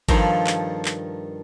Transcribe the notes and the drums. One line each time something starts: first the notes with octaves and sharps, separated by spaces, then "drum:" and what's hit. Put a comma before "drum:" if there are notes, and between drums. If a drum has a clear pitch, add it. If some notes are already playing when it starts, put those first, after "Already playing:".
G2 D#3 F3 A4 A#5, drum: kick G#1, cymbal
drum: clap
drum: clap